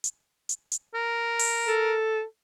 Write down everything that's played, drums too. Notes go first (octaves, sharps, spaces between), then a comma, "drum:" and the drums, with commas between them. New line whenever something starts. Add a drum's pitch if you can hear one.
drum: hi-hat
drum: hi-hat
drum: hi-hat
A#4
drum: open hi-hat
A4